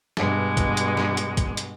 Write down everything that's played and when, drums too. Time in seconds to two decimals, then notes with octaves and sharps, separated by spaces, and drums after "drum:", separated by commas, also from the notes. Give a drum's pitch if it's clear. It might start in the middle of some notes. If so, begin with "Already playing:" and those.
0.17 G2 B2 G#3, drum: snare
0.57 drum: kick C2, hi-hat
0.77 drum: hi-hat
0.97 drum: snare
1.17 drum: hi-hat
1.37 drum: kick C2, hi-hat
1.57 drum: hi-hat